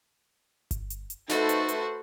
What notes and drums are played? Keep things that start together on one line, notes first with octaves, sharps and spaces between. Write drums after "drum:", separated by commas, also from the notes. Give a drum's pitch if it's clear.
drum: kick G1, hi-hat
drum: hi-hat
drum: hi-hat
A3 D#4 F#4 A4 B4 C5, drum: snare
drum: hi-hat
drum: hi-hat